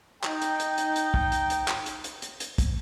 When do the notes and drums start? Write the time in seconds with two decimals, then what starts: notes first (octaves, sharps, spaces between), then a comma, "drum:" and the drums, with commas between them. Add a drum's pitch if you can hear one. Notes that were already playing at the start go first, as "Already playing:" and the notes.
0.24 D#4 G5, drum: clap
0.42 drum: hi-hat
0.60 drum: hi-hat
0.78 drum: hi-hat
0.96 drum: hi-hat
1.14 drum: kick
1.32 drum: hi-hat
1.50 drum: hi-hat
1.68 drum: clap
1.86 drum: hi-hat
2.04 drum: hi-hat
2.22 drum: hi-hat
2.40 drum: hi-hat
2.58 drum: kick, hi-hat